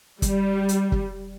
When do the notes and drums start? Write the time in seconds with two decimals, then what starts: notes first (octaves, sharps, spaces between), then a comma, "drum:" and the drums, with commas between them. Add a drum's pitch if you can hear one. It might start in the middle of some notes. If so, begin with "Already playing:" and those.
0.22 G3, drum: kick, hi-hat
0.69 drum: hi-hat
0.92 drum: kick